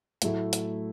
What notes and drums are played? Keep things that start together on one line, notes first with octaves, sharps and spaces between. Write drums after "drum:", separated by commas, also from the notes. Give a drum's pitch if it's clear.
A2 F#3 A3 E4, drum: hi-hat
drum: hi-hat